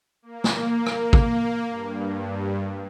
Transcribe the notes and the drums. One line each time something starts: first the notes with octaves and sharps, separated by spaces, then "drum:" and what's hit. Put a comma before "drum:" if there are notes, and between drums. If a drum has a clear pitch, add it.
A#3
drum: snare
drum: rim click
drum: kick
G2